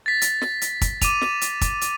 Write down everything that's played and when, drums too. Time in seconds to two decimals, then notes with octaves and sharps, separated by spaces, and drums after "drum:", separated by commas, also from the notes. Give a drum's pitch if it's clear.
0.06 A6 B6
0.22 drum: hi-hat
0.41 drum: snare
0.61 drum: hi-hat
0.81 drum: kick, hi-hat
1.01 D6 D#7 F7, drum: kick, hi-hat
1.21 drum: snare
1.41 drum: hi-hat
1.61 drum: kick, hi-hat
1.81 drum: hi-hat